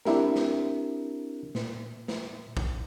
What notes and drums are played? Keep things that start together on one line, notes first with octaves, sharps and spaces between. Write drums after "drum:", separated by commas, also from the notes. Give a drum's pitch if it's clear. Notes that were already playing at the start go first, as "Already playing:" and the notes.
C4 D4 E4 G4 A#4, drum: snare
drum: snare
A#2, drum: snare
drum: snare
drum: kick